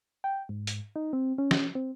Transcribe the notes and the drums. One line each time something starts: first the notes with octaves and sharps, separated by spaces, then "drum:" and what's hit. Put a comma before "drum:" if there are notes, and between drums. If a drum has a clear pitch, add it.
G5
G#2
drum: hi-hat
D#4
C4
C#4
drum: snare
C4